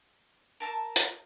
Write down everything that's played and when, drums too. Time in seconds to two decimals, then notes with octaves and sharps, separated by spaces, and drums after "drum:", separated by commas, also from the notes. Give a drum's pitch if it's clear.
0.60 A#4 A5 E6
0.96 drum: hi-hat